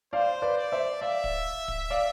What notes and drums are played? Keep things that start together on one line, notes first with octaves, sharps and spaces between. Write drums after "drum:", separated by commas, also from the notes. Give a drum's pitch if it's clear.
C5 D5 F5
B4 D5
D5
C5 E5
D5 E5 F5
drum: kick
drum: kick
D5 F5